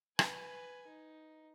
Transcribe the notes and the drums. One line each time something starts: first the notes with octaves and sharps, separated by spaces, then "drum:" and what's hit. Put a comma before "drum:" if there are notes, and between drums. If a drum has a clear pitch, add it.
B4 G#5, drum: rim click
D#4